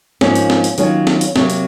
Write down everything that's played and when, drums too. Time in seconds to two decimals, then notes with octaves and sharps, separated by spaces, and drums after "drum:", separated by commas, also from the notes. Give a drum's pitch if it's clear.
0.21 G#2 F3 A#3 C#4, drum: snare
0.35 drum: hi-hat
0.50 drum: snare
0.64 drum: hi-hat
0.78 D#3 F#3 A#3 C#4 F4, drum: hi-hat
1.07 drum: snare
1.21 drum: hi-hat
1.36 C3 F#3 A#3, drum: snare
1.50 drum: hi-hat